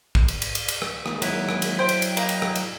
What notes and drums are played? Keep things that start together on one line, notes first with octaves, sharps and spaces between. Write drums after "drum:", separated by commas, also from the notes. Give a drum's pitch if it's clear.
drum: kick
drum: cymbal
drum: cymbal
drum: cymbal
drum: cymbal
drum: rim click
D#3 G#3 A#3, drum: rim click
F#3 E4, drum: cymbal
drum: rim click
drum: cymbal
C5 G5
drum: cymbal
drum: cymbal
A#3 D#5 G5 A#5, drum: cymbal
drum: cymbal
drum: rim click
drum: cymbal